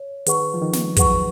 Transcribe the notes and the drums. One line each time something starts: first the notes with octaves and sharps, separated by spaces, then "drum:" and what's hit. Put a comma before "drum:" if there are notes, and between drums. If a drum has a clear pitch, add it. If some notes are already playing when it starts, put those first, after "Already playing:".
Already playing: C#5
D#3 G#4 B4 F#5 C#6, drum: hi-hat
F3
D#3
drum: snare
F#3 G#4 B4 F#5 C#6, drum: kick, hi-hat